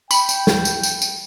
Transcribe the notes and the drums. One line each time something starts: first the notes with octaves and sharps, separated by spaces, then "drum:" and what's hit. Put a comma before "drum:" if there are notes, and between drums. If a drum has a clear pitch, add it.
G5 B5, drum: tambourine
drum: tambourine
drum: snare
drum: tambourine
drum: tambourine
drum: tambourine